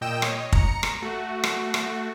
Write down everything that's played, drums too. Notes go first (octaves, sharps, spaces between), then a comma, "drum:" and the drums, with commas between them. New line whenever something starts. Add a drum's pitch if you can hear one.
A#2 D#5 G5 E6 E7
C#5 D#5, drum: rim click
A#5 C#7, drum: kick
drum: rim click
A3 F#4
drum: rim click
drum: rim click